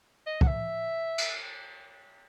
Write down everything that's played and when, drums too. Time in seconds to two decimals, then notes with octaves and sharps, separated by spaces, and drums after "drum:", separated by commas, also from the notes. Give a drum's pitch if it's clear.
0.26 D#5
0.41 F#5, drum: kick
0.47 E5
1.18 drum: cymbal